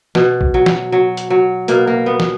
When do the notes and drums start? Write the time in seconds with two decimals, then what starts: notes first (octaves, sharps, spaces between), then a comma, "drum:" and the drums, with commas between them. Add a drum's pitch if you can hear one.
0.15 B2, drum: snare
0.41 drum: kick A1
0.54 F#3
0.66 drum: snare
0.92 F#3
1.17 drum: hi-hat
1.30 F#3
1.68 B2 A#3, drum: hi-hat
1.87 A#3
2.06 G3 B3
2.20 drum: snare